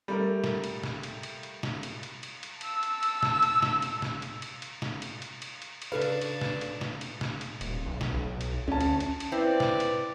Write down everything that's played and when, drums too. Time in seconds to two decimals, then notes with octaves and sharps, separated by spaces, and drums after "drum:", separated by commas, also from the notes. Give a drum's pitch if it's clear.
0.08 G3 A3 A#4
0.44 drum: snare
0.64 drum: cymbal
0.83 drum: snare
1.03 drum: cymbal
1.23 drum: cymbal
1.43 drum: cymbal
1.63 drum: snare
1.83 drum: cymbal
2.03 drum: cymbal
2.23 drum: cymbal
2.43 drum: cymbal
2.61 A5 E6, drum: cymbal
2.83 drum: cymbal
3.03 drum: cymbal
3.23 drum: snare
3.43 drum: cymbal
3.62 drum: snare
3.82 drum: cymbal
4.02 drum: snare
4.22 drum: cymbal
4.42 drum: cymbal
4.62 drum: cymbal
4.82 drum: snare
5.02 drum: cymbal
5.22 drum: cymbal
5.42 drum: cymbal
5.62 drum: cymbal
5.82 drum: cymbal
5.92 C#3 D4 F#4 A4 B4 F5
6.02 drum: cymbal
6.21 drum: cymbal
6.41 drum: snare
6.61 drum: cymbal
6.81 drum: snare
7.01 drum: cymbal
7.21 drum: snare
7.41 drum: cymbal
7.61 D#1, drum: cymbal
7.86 B1
8.01 drum: snare
8.15 B1
8.41 drum: cymbal
8.68 D2 C#4 A5
8.81 drum: cymbal
9.00 drum: cymbal
9.20 drum: cymbal
9.32 C4 E4 B4 D5
9.60 drum: snare
9.80 drum: cymbal